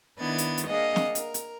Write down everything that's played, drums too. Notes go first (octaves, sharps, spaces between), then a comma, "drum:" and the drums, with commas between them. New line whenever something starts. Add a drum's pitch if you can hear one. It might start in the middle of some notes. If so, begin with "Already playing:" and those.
D#3 B3 D4 E4 G#6 A6
drum: hi-hat
drum: hi-hat
A#3 D4 G#4 D#5 F5 F#5
drum: snare
A#4, drum: hi-hat
drum: hi-hat